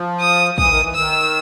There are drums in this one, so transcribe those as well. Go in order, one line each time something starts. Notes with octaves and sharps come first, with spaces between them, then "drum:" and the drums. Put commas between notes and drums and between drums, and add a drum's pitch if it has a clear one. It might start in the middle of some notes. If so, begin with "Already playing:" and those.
Already playing: F3
D#6
E3 D#6, drum: kick
D#3
E3
D#3 E6